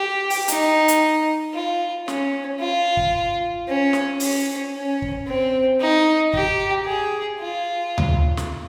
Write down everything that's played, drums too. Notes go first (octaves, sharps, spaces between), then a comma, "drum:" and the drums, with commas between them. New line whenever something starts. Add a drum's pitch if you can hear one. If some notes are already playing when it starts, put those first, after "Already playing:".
Already playing: G4
drum: open hi-hat
D#4, drum: hi-hat
drum: hi-hat
F4
C#4, drum: snare
F4
drum: kick
C#4
drum: snare
C#4, drum: open hi-hat
C#4
drum: kick
C4
D#4
G4, drum: kick
G#4
F4
drum: tom D2
drum: snare